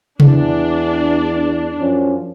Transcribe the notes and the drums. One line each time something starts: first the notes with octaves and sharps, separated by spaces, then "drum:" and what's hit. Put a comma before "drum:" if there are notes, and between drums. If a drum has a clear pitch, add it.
E2 D4, drum: tom C3
F#2 F3 C#4